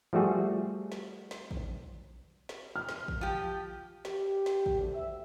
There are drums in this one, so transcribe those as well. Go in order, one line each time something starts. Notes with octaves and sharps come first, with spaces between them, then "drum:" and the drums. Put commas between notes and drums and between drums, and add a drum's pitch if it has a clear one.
F3 G3 A3 F#4 G#4
drum: snare
drum: snare
drum: kick
drum: snare
F6
drum: snare
drum: kick
F3 G4
G4, drum: snare
drum: snare
drum: kick
D2
E5